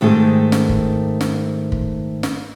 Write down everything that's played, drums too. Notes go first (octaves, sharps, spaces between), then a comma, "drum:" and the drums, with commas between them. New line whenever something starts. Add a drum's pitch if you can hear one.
G#2 D#3 A3 G4 G#4
drum: snare
drum: kick
drum: snare
drum: kick
drum: snare